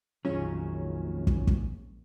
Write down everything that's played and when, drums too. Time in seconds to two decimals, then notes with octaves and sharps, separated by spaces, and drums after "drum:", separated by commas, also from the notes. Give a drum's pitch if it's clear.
0.25 A#1 F2 D#3 F#3 G#3 C#4 F4 C#5
1.27 drum: kick
1.47 drum: kick